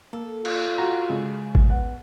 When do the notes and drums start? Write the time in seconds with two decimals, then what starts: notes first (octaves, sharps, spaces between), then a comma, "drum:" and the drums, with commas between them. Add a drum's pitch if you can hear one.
0.13 A#3 A4
0.45 F4, drum: cymbal
0.78 F#4 A#5
1.09 C#3 G#3
1.55 drum: kick G#1
1.70 B3 F#5